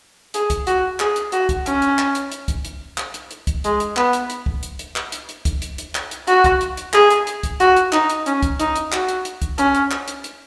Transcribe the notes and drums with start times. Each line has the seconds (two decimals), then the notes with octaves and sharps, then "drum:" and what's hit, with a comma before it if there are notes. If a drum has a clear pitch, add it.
0.34 G#4, drum: hi-hat
0.50 drum: kick, hi-hat
0.67 F#4, drum: hi-hat
1.00 G#4, drum: clap
1.16 drum: hi-hat
1.32 F#4, drum: hi-hat
1.49 drum: kick, hi-hat
1.66 C#4, drum: hi-hat
1.82 drum: hi-hat
1.99 drum: clap
2.15 drum: hi-hat
2.32 drum: hi-hat
2.48 drum: kick, hi-hat
2.65 drum: hi-hat
2.98 drum: clap
3.14 drum: hi-hat
3.31 drum: hi-hat
3.47 drum: kick, hi-hat
3.64 G#3, drum: hi-hat
3.80 drum: hi-hat
3.96 B3, drum: clap
4.13 drum: hi-hat
4.30 drum: hi-hat
4.46 drum: kick
4.63 drum: hi-hat
4.79 drum: hi-hat
4.96 drum: clap
5.12 drum: hi-hat
5.29 drum: hi-hat
5.45 drum: kick, hi-hat
5.62 drum: hi-hat
5.78 drum: hi-hat
5.95 drum: clap
6.11 drum: hi-hat
6.27 F#4, drum: hi-hat
6.44 drum: kick, hi-hat
6.61 drum: hi-hat
6.77 drum: hi-hat
6.93 G#4, drum: clap
7.10 drum: hi-hat
7.27 drum: hi-hat
7.43 drum: kick, hi-hat
7.60 F#4, drum: hi-hat
7.76 drum: hi-hat
7.92 D#4, drum: clap
8.10 drum: hi-hat
8.26 C#4, drum: hi-hat
8.43 drum: kick, hi-hat
8.60 D#4, drum: hi-hat
8.76 drum: hi-hat
8.92 F#4, drum: clap
9.09 drum: hi-hat
9.25 drum: hi-hat
9.42 drum: kick, hi-hat
9.58 C#4, drum: hi-hat
9.75 drum: hi-hat
9.91 drum: clap
10.08 drum: hi-hat
10.24 drum: hi-hat